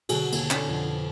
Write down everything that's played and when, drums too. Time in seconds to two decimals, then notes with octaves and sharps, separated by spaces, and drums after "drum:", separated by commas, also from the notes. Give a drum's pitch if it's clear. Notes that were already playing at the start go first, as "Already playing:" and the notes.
0.09 B2 D3 F#3 F#4 G#4, drum: cymbal
0.32 D#2 A4 G#5, drum: cymbal
0.51 D3 C#4, drum: clap
0.67 F2 B2